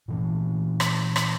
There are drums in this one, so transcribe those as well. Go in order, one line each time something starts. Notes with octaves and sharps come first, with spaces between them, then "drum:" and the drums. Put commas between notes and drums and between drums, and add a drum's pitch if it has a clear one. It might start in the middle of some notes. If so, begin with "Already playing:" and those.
A#2 E3 C#4
drum: rim click
drum: rim click